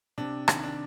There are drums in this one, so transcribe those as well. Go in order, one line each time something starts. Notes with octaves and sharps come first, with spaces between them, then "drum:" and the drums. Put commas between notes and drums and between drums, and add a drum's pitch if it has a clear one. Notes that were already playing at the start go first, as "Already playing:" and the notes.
C3 D4
D#3, drum: rim click
D4